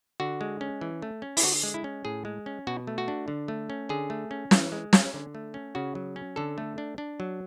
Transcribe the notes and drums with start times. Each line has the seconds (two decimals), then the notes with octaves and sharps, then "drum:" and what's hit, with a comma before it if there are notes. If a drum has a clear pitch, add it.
0.20 D3 F#4
0.41 G#3
0.61 C#4
0.81 E3
1.02 A3
1.22 C#4
1.37 E4, drum: open hi-hat
1.43 D3 F#4
1.63 G#3
1.74 E4
1.84 C#4
2.05 A2 G#4
2.25 G#3
2.46 C#4
2.67 B2 F#4
2.87 A3
2.98 F#4
3.08 D4
3.28 D3
3.48 A3
3.70 C#4
3.89 D3 G#4
4.10 A3
4.31 C#4
4.51 E3, drum: snare
4.72 G#3
4.93 C#4, drum: snare
5.14 D3
5.35 A3
5.54 C#4
5.75 C#3 F#4
5.95 F#3
6.16 C#4
6.36 D3 A4
6.58 A3
6.78 D4
6.98 D4
7.20 F#3